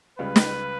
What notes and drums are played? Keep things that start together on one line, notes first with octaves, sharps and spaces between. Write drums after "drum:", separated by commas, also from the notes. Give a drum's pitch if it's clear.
C#2 C#3 G3 B4
drum: snare